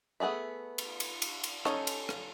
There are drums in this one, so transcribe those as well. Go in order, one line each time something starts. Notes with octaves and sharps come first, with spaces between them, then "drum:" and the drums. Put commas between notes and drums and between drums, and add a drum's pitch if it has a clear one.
A3 B3 G#4 D5 E5
drum: cymbal
drum: cymbal
drum: cymbal
drum: cymbal
C#4 D#4 A4 C#5, drum: rim click
drum: cymbal
drum: rim click